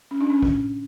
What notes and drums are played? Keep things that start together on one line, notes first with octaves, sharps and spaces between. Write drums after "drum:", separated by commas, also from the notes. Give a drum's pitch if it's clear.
C#4
D4
C#4
drum: kick